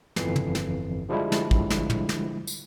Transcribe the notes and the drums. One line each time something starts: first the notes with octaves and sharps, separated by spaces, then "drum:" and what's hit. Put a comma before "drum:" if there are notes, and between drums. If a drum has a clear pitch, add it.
G1 F2 E3 C7, drum: snare
drum: tom
drum: snare
D3 F3 G3 G#3 D4 E4
drum: snare
drum: kick
drum: snare
drum: tom
drum: snare
drum: tambourine